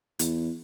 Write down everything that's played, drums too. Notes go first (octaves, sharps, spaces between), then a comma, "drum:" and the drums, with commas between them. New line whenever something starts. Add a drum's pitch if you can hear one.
E2, drum: hi-hat